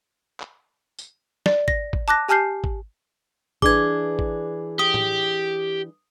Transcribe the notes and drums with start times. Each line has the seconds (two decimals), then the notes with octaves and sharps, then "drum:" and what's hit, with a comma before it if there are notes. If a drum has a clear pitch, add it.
0.40 drum: clap
0.99 drum: tambourine
1.46 D5, drum: snare
1.68 A#6, drum: kick G#1
1.93 drum: kick G#1
2.08 A5 D6 F#6 A#6
2.29 G4 G#5 A5 F6 G6 C7
2.64 drum: kick G#1
3.62 E3 D4 G#4 D6 G#6, drum: kick G#1
4.19 drum: kick G#1
4.79 G4 D#6
4.94 drum: tom A2